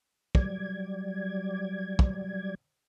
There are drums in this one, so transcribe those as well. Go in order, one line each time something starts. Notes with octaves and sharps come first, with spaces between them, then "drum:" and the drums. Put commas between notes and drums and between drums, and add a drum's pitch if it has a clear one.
F#3 G3 D5 G#6, drum: kick
drum: kick